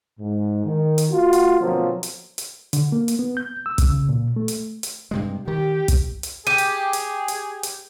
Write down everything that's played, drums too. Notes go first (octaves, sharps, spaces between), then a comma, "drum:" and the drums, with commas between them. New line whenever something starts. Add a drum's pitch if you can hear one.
G#2
D#3
drum: hi-hat
A3 F4 F#4
drum: hi-hat
B2 D3 F3 F#3 A#3 C4
drum: hi-hat
drum: hi-hat
D3, drum: hi-hat
A#3
drum: hi-hat
B3
G6
E6
drum: kick, hi-hat
C#3
A#2
A3
drum: hi-hat
drum: hi-hat
G2 C3 G#3
D#3 G4
drum: kick, hi-hat
drum: hi-hat
G4 G#4 D#7
drum: hi-hat
drum: hi-hat
drum: hi-hat
drum: hi-hat